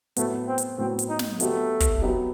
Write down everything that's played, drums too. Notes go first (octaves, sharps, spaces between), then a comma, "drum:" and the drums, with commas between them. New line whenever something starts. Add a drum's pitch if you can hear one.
A2 F#3 A3 B3, drum: hi-hat
C4
drum: hi-hat
A2 F#3 B3 C4
drum: hi-hat
D#4
drum: snare
F#3 A3 B3 D#4 G4, drum: hi-hat
drum: kick, hi-hat
F#3 B3 D#4 G4